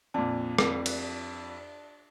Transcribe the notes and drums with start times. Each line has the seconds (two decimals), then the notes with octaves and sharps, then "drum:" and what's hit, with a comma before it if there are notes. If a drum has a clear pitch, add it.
0.14 F2 A#2 D4
0.58 F2, drum: rim click
0.86 drum: cymbal